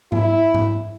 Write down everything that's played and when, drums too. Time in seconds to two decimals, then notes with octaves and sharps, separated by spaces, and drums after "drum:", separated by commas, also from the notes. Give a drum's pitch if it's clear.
0.12 E4, drum: tom G#2
0.54 drum: tom G#2